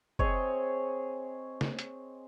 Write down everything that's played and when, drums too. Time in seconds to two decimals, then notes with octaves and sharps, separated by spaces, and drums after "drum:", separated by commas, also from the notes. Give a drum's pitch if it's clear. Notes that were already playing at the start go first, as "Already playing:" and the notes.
0.19 C4 G#4 C#5 D#5, drum: kick
1.61 drum: snare
1.79 drum: hi-hat